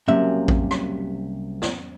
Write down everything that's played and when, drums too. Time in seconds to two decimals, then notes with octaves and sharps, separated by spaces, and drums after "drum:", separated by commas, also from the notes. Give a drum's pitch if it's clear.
0.08 C2 C3 F#3 A#3 C#4 E5
0.48 drum: kick A1
0.71 drum: rim click
1.62 drum: snare